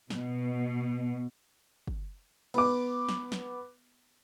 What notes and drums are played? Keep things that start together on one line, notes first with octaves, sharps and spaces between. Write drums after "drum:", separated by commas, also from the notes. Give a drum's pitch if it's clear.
B2, drum: snare
drum: kick
B3 D6, drum: cymbal
drum: snare
drum: snare